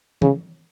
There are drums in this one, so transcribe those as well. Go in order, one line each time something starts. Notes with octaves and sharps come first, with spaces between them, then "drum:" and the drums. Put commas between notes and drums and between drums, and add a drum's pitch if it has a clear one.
C#3, drum: tom